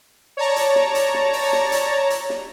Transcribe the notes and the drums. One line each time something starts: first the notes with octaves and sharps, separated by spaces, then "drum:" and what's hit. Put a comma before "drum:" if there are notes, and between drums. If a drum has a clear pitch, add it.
C#5 D5 A5 A#5
drum: hi-hat
drum: snare
drum: hi-hat
drum: snare
drum: open hi-hat
drum: snare
drum: hi-hat
drum: hi-hat
drum: snare